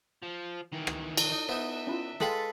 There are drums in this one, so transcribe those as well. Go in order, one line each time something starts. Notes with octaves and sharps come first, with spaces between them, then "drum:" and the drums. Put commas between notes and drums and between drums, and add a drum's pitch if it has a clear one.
F3
D#3 E3
drum: rim click
drum: cymbal
D#4
B3 D#4 C5 E5
C#4 E4 F4
G#3 F4 G#4 A4 B4 G5 B5 C7